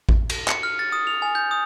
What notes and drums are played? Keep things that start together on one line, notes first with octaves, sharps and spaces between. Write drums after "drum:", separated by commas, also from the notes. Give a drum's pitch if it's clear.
drum: kick A1
drum: cymbal
C#7, drum: clap
F6
A6
D#6
F7
G#5
G6
D#6